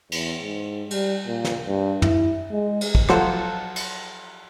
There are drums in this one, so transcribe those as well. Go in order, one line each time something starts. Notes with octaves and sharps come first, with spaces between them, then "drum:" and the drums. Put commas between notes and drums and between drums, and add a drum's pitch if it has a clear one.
E2, drum: cymbal
G#2
G3, drum: cymbal
A#2
drum: snare
G2
E4, drum: tom
G#3
drum: cymbal
drum: kick
F3 F#3 F#4 A4 C5, drum: rim click
drum: cymbal